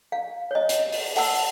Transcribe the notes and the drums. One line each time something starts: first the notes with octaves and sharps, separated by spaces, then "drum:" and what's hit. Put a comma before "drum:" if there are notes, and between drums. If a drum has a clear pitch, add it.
F5
C#5 D#5
drum: hi-hat
drum: open hi-hat
E5 F#5 A5 E6, drum: open hi-hat